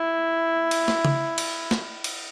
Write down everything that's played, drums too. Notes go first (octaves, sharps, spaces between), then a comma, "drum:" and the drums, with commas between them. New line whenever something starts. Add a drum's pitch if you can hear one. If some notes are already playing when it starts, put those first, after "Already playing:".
Already playing: E4
drum: cymbal
drum: snare
drum: tom C#3
drum: cymbal
drum: snare
drum: cymbal